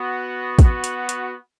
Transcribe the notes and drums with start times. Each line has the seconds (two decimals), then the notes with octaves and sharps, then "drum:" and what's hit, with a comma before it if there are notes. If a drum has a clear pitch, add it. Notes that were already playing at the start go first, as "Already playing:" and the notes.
Already playing: B3 F#4
0.59 B3 F#4, drum: kick, hi-hat
0.84 drum: hi-hat
1.09 drum: hi-hat